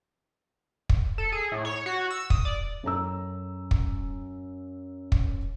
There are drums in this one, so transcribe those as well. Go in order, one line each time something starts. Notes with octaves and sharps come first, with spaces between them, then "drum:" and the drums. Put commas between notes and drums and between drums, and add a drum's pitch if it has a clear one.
drum: kick
A4
G#4
A2
C#5
F#4
E6
D#6, drum: kick
D5
F#2 A4 A#5 E6
drum: kick
drum: kick